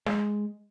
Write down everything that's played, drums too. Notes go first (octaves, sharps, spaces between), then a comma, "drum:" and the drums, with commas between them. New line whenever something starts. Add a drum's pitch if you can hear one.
G#3, drum: snare